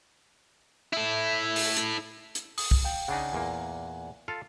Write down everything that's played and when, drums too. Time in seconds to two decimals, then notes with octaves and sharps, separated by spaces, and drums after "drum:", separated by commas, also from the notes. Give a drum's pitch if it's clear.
0.93 E4 A4
1.56 drum: open hi-hat
1.77 drum: hi-hat
2.35 drum: hi-hat
2.58 D#6, drum: open hi-hat
2.71 drum: kick C2
2.84 F5 G5
3.08 C#3 D4 D#4 F#5 G#5
3.33 E2 A#2 A#3
4.28 F4 A4 F5